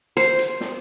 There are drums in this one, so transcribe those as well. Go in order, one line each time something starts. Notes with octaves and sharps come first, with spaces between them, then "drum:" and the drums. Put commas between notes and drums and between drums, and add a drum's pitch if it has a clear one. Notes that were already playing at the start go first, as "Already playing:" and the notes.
C5, drum: hi-hat
drum: hi-hat
drum: snare